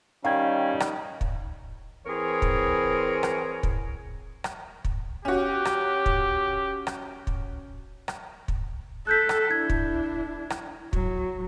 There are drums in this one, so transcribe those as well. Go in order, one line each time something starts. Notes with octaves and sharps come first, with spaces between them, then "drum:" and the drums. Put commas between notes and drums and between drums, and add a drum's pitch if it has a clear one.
D#3 G3 C#4 F5 G5 G#6
drum: rim click
drum: kick
E3 C4 G#4 A#4 C#5
drum: kick
drum: rim click
drum: kick
drum: rim click
drum: kick
C#4 F#4 G4
drum: rim click
drum: kick
drum: rim click
drum: kick
drum: rim click
drum: kick
A4 F#6 G6 B6
drum: rim click
D4 E4 G#6
drum: kick
drum: rim click
F#3, drum: kick